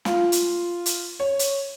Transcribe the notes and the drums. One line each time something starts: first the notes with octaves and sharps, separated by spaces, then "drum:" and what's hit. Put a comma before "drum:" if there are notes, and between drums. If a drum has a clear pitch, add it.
F4, drum: snare
drum: hi-hat
drum: hi-hat
C#5
drum: hi-hat